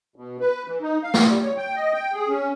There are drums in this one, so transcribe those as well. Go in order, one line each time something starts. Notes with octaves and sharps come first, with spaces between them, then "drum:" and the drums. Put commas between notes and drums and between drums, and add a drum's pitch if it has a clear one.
B2
B4
E3
D#4
F5
drum: snare
G3
C#5
G5
D#5
G5
G#4
C#4